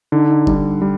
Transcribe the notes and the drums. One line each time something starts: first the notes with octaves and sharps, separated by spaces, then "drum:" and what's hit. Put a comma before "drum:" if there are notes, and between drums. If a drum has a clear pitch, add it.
D3 D#4
G3, drum: kick F#1
G3